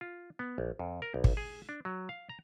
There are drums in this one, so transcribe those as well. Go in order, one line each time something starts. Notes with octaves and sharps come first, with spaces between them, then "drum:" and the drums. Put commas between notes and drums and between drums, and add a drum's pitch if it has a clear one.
F4
B3
A#1
F2
A#4
B1
drum: kick G#1
G#4
D4
F#3
F5
A#5